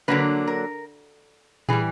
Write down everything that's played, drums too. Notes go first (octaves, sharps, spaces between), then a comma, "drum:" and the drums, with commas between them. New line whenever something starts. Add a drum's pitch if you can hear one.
D3 F#3 A#3 D4 B4
A#4
E3 G3 G#4, drum: tom